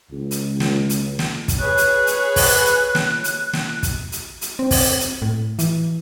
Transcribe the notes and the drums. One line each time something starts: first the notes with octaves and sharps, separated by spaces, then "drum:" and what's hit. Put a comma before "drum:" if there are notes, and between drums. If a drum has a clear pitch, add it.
C#2
drum: hi-hat
drum: snare
drum: hi-hat
drum: snare
drum: kick, hi-hat
G#4 B4 C#5 F#6
drum: hi-hat
drum: hi-hat
drum: kick, open hi-hat
drum: hi-hat
drum: snare
drum: hi-hat
drum: snare
drum: kick, hi-hat
drum: hi-hat
drum: hi-hat
C4
drum: kick, open hi-hat
drum: hi-hat
A2
E3, drum: hi-hat